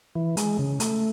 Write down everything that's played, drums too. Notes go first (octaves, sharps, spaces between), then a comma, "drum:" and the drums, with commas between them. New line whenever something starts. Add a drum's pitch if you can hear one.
E3
G#3, drum: hi-hat
C#3
A3, drum: hi-hat